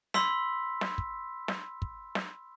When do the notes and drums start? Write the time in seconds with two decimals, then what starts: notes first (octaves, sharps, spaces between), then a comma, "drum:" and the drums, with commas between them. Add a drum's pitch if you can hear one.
0.14 B5 C6 E6 B6, drum: snare
0.81 drum: snare
0.98 drum: kick
1.48 drum: snare
1.82 drum: kick
2.15 drum: snare